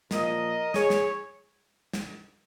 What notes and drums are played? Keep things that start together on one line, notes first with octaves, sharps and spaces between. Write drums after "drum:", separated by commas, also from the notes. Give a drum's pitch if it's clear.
A#2 F3 A#4 D#5, drum: snare
G#4 C#5, drum: snare
drum: snare
drum: snare